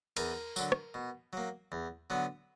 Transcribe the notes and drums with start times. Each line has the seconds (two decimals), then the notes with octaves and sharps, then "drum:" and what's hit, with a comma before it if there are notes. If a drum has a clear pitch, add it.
0.17 E2 A#4, drum: cymbal
0.56 D3 F#3, drum: tambourine
0.72 drum: rim click
0.94 B2
1.33 F#3 A#3
1.72 E2
2.10 D3 F#3 B3